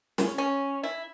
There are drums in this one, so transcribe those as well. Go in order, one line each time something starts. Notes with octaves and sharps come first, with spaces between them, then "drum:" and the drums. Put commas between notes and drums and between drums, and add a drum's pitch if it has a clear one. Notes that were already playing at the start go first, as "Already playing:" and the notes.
C#4, drum: snare
C#4
E4